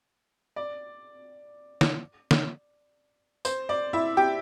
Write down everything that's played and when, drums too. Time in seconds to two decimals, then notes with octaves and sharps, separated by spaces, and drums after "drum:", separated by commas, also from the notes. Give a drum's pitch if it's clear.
0.56 D5
1.81 drum: snare
2.31 drum: snare
3.45 C5, drum: tambourine
3.69 D5
3.93 E4 E5
4.17 G4 G5